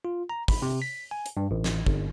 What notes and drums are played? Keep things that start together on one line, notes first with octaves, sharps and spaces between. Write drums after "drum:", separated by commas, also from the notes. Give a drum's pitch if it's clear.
F4
A#5
B5, drum: kick, open hi-hat
C3
B6
G#5
drum: hi-hat
G2
A1
drum: snare
G1, drum: kick